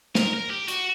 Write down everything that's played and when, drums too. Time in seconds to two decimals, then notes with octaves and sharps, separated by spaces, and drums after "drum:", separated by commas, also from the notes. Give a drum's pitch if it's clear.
0.15 A#4, drum: snare
0.33 A#4
0.50 G4
0.68 F#4, drum: hi-hat